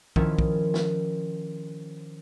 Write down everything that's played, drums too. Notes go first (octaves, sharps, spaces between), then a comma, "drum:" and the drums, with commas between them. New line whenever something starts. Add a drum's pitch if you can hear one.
D#3 F3 C#4 E4 F4, drum: kick
drum: kick
drum: snare